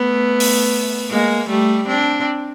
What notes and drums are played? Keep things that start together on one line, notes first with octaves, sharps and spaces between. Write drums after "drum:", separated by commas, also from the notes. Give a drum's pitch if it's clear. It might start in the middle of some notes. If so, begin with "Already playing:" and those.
Already playing: A3 B3
drum: open hi-hat
G#3 A#3
G3 A3
C4 D4